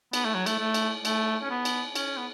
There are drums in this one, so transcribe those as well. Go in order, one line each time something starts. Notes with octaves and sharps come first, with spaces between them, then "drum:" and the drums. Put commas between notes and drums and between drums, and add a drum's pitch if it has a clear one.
B3, drum: cymbal
A3
F#3
A3, drum: cymbal
A3
drum: cymbal
A3, drum: cymbal
C#4
B3
drum: cymbal
C#4, drum: cymbal
B3